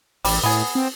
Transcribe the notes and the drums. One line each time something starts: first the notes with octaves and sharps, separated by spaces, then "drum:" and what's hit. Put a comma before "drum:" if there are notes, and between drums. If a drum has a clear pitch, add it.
A1 G3, drum: open hi-hat
A2 B3 G#4
C4